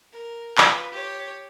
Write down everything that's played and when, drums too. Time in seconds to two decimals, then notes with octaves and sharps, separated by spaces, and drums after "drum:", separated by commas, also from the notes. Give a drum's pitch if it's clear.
0.13 A#4
0.58 F4 B4, drum: clap
0.92 G4 C#5